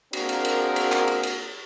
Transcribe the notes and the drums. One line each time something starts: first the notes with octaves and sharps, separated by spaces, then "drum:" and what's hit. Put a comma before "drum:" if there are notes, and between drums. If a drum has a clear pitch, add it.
A#3 C4 D4 F#4 G#4 A#4, drum: cymbal
drum: cymbal
drum: cymbal
drum: cymbal
drum: clap
drum: cymbal
drum: cymbal